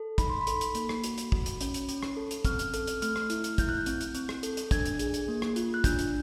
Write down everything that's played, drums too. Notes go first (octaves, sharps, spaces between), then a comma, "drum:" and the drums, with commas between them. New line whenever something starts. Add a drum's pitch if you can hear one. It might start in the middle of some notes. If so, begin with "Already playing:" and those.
Already playing: A4
D#4 B5, drum: kick, hi-hat
C6
B5
A4, drum: hi-hat
drum: hi-hat
A#3, drum: hi-hat
drum: rim click
F#4, drum: hi-hat
drum: hi-hat
F#4, drum: kick
drum: hi-hat
C#4, drum: hi-hat
drum: hi-hat
C#4, drum: hi-hat
drum: rim click
A4
drum: hi-hat
C4 F6, drum: kick, hi-hat
drum: hi-hat
A4, drum: hi-hat
drum: hi-hat
A3 F6, drum: hi-hat
drum: rim click
E4, drum: hi-hat
drum: hi-hat
E4 G6, drum: kick, hi-hat
F#6
G6
C4, drum: hi-hat
drum: hi-hat
C4, drum: hi-hat
drum: rim click
A4, drum: hi-hat
drum: hi-hat
D4 G#6, drum: kick, hi-hat
drum: hi-hat
G#4, drum: hi-hat
drum: hi-hat
A#3
drum: rim click
F4, drum: hi-hat
F#6
D4 G6, drum: kick, hi-hat
drum: hi-hat